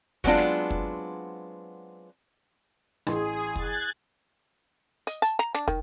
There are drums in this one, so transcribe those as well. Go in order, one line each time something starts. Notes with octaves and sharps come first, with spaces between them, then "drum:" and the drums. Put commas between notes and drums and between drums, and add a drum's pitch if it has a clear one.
F#3 G#3 B3 C4 D4 F4, drum: kick
drum: snare
drum: kick
A1 G#4 C6, drum: rim click
F#6 G#6 A6, drum: kick
D#5, drum: hi-hat
A5, drum: hi-hat
A#5, drum: snare
D4, drum: snare
D#3, drum: kick